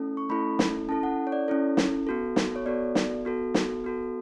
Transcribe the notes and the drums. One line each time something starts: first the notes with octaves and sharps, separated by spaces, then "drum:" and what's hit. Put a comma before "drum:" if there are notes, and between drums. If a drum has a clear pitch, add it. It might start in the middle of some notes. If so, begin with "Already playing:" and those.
Already playing: A3 C#4 E4 A4
C#6
A3 C#4 E4 A4 B5
drum: snare
C#4 E4 A4 A5
F#5
C#5
D5
C#4 E4 A4 C#5
drum: snare
B3 F#4 A4
drum: snare
C#5
B3 F#4 A4 D5
drum: snare
B3 F#4 A4
drum: snare
B3 F#4 A4